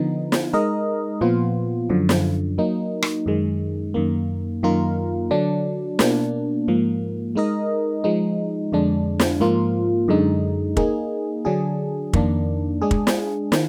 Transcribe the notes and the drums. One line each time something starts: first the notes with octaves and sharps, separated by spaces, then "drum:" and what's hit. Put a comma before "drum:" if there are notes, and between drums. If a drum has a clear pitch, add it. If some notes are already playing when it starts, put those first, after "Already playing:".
Already playing: D3 F3 B3 D#4
drum: snare
G#3 D#4 A#4 D#5
A#2 F3 B3 F4
F#2 D3 F3
drum: snare
F#3 A#3 D#4
drum: rim click
F#2 D#3 G#3
F#2 D#3 A#3
F#2 D#3 A#3 F4 A#4
D3 F#3 D4
B2 A#3 D4, drum: snare
G#2 F3 A#3
G#3 D#4 A#4 D#5
F3 G#3 D#4
F2 D3 G#3 D4
drum: snare
G#2 F3 A#3 F4
F#2 D3 G#3 D#4
A#3 D#4 G#4, drum: kick
D3 F#3 D4 G#4
F2 D#3 A#3 D4, drum: kick
G#3 D4 G#4
drum: kick
drum: snare
D#3, drum: snare